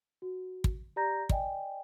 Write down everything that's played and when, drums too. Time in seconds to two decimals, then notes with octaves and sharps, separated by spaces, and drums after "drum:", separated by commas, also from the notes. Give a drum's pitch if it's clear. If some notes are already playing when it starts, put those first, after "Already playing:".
0.22 F#4
0.64 drum: kick
0.96 G4 D5 A#5 G6 A#6
1.29 D5 D#5 G5 G#5, drum: kick